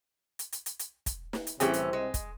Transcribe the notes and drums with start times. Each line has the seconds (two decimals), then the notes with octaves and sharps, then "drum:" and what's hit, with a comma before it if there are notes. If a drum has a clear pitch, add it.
0.39 drum: hi-hat
0.52 drum: hi-hat
0.66 drum: hi-hat
0.79 drum: hi-hat
1.06 drum: kick, hi-hat
1.33 drum: snare
1.47 drum: hi-hat
1.60 C2 A2 C3 E3 C4 C#4 G4 G#4, drum: hi-hat
1.74 drum: hi-hat
1.93 G#3
2.14 drum: kick, hi-hat